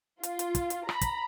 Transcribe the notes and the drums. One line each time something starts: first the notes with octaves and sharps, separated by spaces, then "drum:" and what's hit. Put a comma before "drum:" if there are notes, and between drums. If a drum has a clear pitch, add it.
F4, drum: hi-hat
drum: hi-hat
drum: kick, hi-hat
drum: hi-hat
A#5 B5, drum: rim click
drum: kick, hi-hat